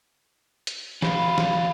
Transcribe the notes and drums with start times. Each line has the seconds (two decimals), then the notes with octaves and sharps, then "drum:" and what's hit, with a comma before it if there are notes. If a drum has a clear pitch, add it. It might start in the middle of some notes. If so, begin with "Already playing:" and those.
0.67 drum: hi-hat
1.02 F#4 F5 B5, drum: snare
1.38 drum: snare